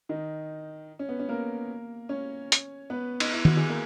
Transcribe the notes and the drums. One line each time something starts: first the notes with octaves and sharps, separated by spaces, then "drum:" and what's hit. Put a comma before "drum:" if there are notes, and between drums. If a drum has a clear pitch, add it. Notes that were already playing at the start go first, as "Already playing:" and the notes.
D#3 D#4
C#4
B3
C#4
A#3 A#4
C#4 C#5
drum: hi-hat
B3 B4
D#4, drum: cymbal
E4
F#4, drum: tom D#3
G#4
A#3 A#4